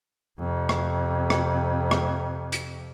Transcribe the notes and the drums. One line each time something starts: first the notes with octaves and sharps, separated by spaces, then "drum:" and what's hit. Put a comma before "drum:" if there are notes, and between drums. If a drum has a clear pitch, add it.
F2 C3
drum: rim click
drum: rim click
drum: rim click
drum: hi-hat